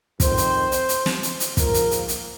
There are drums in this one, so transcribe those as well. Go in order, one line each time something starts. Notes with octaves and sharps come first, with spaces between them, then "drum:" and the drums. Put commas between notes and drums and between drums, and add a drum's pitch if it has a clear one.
F2 D#3 C4 C5, drum: kick, hi-hat
drum: hi-hat
drum: hi-hat
drum: hi-hat
drum: snare
drum: hi-hat
drum: hi-hat
G#2 F3 A#3 A#4, drum: kick, hi-hat
drum: hi-hat
drum: hi-hat
drum: hi-hat